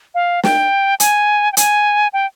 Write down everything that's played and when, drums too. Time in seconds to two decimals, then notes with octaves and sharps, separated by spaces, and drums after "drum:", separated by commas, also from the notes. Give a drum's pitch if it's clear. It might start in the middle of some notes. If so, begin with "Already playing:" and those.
0.15 F5
0.44 G5, drum: snare
1.00 G#5, drum: hi-hat
1.53 G5
1.57 G#5, drum: hi-hat
2.13 G5